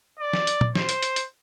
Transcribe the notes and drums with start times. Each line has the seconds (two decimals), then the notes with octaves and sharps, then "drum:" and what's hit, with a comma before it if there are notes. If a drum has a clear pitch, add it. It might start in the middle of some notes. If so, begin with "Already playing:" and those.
0.20 D5
0.33 drum: snare
0.47 drum: hi-hat
0.61 drum: tom A#2
0.75 C5, drum: snare
0.89 drum: hi-hat
1.03 drum: hi-hat
1.16 drum: hi-hat